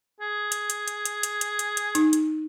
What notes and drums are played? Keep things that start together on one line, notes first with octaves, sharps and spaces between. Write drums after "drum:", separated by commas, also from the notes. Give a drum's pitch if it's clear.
G#4
drum: hi-hat
drum: hi-hat
drum: hi-hat
drum: hi-hat
drum: hi-hat
drum: hi-hat
drum: hi-hat
drum: hi-hat
D#4, drum: hi-hat
drum: hi-hat